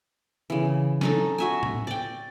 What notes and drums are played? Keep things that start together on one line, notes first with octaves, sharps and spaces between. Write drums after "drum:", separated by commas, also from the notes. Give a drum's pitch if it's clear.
C#3 E3
C#4 D#4 A4, drum: snare
F#4 E5 G#5
drum: tom A2
D5 G5